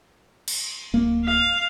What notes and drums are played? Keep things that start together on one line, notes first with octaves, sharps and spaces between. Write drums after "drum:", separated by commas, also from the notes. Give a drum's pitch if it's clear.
drum: cymbal
D1 A#3
F5